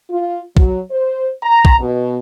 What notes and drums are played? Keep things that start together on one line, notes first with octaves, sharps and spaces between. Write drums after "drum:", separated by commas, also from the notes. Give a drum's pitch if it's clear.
F4
F#3, drum: kick
C5
A#5
drum: kick
B2